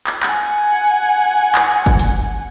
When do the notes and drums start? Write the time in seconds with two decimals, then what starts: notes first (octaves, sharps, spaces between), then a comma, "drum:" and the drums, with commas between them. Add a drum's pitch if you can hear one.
0.07 drum: clap
0.23 F#5 G#5, drum: clap
1.55 drum: clap
1.86 drum: kick
1.99 drum: hi-hat